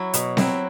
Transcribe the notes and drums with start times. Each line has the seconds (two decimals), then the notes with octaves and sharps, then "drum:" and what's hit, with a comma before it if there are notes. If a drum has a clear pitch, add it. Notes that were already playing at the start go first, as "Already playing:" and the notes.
Already playing: F#3 E4
0.14 B2, drum: hi-hat
0.37 F#3 C4 E4, drum: snare C4